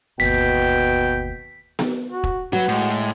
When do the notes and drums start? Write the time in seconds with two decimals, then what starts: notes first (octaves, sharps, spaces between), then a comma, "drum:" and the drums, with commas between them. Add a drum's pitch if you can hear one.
0.20 G1 D#2 B2 G5 B6
1.79 drum: snare B3
2.09 F#4
2.24 drum: kick E1
2.53 F#3 F#4 B4
2.68 A2 G#3